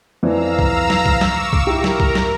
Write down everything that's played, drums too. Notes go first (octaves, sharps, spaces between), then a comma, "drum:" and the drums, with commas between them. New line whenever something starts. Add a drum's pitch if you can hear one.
F2 E3 D5 F5 A#5 E6
drum: kick C2
drum: snare
drum: kick C2
C#6 D6 E6 A#6, drum: snare
drum: kick C2
E4 G4 A#4 A#5
drum: snare
drum: kick C2
drum: snare